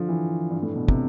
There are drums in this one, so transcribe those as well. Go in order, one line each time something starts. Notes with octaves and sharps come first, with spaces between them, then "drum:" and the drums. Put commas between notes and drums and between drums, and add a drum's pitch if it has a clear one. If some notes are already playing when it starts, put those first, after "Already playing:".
Already playing: D3 F3
E3
G2
A2
B2
C3, drum: kick